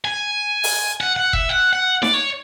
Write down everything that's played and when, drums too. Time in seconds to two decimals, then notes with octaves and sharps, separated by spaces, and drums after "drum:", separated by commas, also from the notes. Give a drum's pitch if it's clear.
0.05 G#5
0.64 drum: open hi-hat
1.01 F#5
1.16 F#5
1.33 E5, drum: kick F#1
1.49 F#5
1.73 F#5
2.03 D5, drum: snare D#4
2.14 C#5